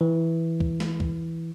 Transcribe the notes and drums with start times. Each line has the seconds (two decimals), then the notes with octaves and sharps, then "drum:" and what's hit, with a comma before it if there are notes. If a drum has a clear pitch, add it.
0.01 E3
0.60 drum: kick
0.80 drum: snare
1.00 drum: kick